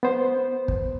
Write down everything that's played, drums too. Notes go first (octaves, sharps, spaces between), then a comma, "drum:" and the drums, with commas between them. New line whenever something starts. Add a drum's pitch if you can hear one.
B3 C5
drum: kick